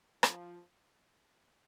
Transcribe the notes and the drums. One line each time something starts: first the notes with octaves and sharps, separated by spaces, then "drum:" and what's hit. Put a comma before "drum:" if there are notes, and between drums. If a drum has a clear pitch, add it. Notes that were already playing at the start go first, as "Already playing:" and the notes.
F3, drum: rim click